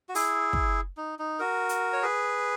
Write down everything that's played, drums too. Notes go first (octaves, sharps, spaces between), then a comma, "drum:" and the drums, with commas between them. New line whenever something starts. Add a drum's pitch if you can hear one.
F#4
E4 G#4, drum: open hi-hat
drum: kick
D#4
D#4
F#4 A#4
drum: hi-hat
C#5
G#4 B4